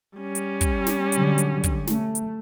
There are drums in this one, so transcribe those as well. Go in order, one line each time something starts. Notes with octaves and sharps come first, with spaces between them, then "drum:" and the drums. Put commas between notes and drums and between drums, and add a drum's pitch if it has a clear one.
G3 C#4
drum: hi-hat
drum: kick, hi-hat
drum: snare
D3 F#3, drum: hi-hat
drum: hi-hat
drum: kick, hi-hat
A3, drum: snare
drum: hi-hat